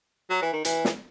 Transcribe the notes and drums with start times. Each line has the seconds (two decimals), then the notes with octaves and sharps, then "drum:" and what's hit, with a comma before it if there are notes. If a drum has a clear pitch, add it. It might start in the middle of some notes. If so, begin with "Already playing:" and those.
0.30 F#3
0.42 E3
0.53 D#3
0.65 E3, drum: hi-hat
0.85 drum: snare